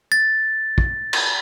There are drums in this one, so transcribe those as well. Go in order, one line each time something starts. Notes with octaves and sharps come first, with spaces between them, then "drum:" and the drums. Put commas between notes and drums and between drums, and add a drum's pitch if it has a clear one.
A6
drum: kick
drum: cymbal